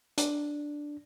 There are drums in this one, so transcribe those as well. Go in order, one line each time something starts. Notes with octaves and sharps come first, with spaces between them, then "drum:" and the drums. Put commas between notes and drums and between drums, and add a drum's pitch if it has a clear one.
D4, drum: hi-hat